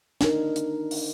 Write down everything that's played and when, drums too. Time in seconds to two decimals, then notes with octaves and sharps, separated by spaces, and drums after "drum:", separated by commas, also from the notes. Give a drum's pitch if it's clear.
0.21 D4 D#4 A#4, drum: snare
0.56 drum: hi-hat
0.91 drum: open hi-hat